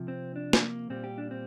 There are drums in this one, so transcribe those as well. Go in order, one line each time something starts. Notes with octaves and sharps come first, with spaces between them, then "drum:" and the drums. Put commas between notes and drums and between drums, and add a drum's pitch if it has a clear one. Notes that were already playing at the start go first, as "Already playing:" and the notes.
Already playing: C3 F3
C4
D4
drum: snare
A#3
A#2 G3 C4
G4
D4
C4